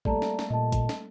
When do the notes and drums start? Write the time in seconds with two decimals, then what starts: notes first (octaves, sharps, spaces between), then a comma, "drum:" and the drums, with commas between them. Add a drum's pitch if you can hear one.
0.05 G3 A3 A#3 D5 A5 A#5, drum: kick
0.22 drum: snare
0.39 drum: snare
0.50 A#2 D#5 A5
0.72 drum: kick, hi-hat
0.89 drum: snare